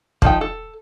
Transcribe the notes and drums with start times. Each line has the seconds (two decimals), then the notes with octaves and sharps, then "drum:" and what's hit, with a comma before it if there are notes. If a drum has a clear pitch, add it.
0.22 F3 D#4 G5, drum: kick
0.41 A4